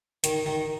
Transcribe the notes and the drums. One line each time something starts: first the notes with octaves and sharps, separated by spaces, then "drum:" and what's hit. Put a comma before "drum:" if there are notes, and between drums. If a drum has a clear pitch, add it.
D#3, drum: hi-hat
D#3